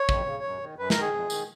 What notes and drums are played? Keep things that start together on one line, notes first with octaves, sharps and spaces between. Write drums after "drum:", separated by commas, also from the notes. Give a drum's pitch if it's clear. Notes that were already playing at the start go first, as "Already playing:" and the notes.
Already playing: C#5
F2, drum: kick
C#3
F#2
D#3
F#2 B4
A#4, drum: snare
D#3
G#4
F2
D#3, drum: tambourine